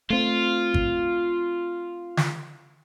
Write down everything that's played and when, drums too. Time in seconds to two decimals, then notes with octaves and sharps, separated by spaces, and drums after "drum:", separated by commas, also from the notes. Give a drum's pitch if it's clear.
0.10 A3 C4 F4
0.74 drum: kick
2.17 drum: snare